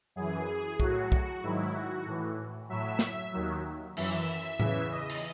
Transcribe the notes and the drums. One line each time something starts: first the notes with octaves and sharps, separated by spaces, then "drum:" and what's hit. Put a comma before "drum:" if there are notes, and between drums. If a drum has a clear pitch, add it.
F#2 E3 G#4
A2 F#3 F#4, drum: kick
F#4, drum: kick
G#2 D#3 F#3 E4
F#4
A2 E3
A2 F#3 E5
drum: snare
D#2 D#3 F#3
F#2 E3 E5, drum: cymbal
E2 C#3 E3, drum: tom A2
D#5
drum: cymbal